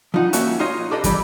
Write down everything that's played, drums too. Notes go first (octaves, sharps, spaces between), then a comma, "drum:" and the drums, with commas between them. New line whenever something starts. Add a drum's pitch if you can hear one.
F3 D#4 F#5
A#3 C#4 F#4 E5 A5, drum: hi-hat
D#4 F4 C#5 D#5
G4 A4 B4 D#5
E3 G3 E4, drum: kick, hi-hat